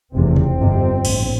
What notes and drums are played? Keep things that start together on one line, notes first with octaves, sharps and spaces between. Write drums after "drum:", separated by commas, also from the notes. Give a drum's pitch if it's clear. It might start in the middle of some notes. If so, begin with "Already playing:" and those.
F1 E2 C3 C4
drum: tom C3
G1 F2 C3
A#1 A2, drum: cymbal